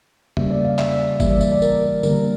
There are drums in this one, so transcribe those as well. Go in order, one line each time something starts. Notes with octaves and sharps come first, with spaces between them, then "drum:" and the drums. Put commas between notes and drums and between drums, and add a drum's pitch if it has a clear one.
C#3 G3 A#3 E5, drum: tom
D5
F5
E5, drum: clap
D5
E3 G3 A#3 E5, drum: kick G1, tambourine
D5
E5, drum: tambourine
D5
A#4, drum: tambourine
D3 G3 A#3 A#4, drum: tambourine